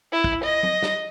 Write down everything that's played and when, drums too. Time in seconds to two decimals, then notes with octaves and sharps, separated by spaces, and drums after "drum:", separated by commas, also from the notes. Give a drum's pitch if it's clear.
0.12 E4
0.24 drum: kick
0.44 D#5 A#6
0.63 drum: tom
0.83 drum: snare